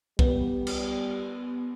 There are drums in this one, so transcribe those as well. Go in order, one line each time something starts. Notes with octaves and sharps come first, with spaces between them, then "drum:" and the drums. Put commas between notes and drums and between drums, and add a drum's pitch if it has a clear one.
G3 B3, drum: kick
drum: cymbal